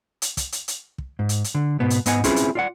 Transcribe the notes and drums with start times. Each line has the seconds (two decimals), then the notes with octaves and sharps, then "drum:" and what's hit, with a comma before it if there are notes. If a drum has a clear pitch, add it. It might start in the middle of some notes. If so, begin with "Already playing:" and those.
0.22 drum: hi-hat
0.37 drum: kick, hi-hat
0.52 drum: hi-hat
0.68 drum: hi-hat
0.98 drum: kick
1.19 G#2
1.29 drum: hi-hat
1.44 drum: hi-hat
1.55 D3
1.80 G#2 B2 B3
1.90 drum: hi-hat
2.06 G#2 B3 D#5 F#5 G#5, drum: hi-hat
2.24 C4 C#4 E4 F4 G#4 B4, drum: kick, hi-hat
2.36 drum: hi-hat
2.55 F4 D5 F#5